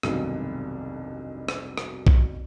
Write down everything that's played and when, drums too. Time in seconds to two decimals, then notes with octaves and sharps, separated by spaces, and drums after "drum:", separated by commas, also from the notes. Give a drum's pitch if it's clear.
0.03 F1 B1 G2 B2 D#3, drum: rim click
1.49 drum: rim click
1.78 drum: rim click
2.07 drum: kick B1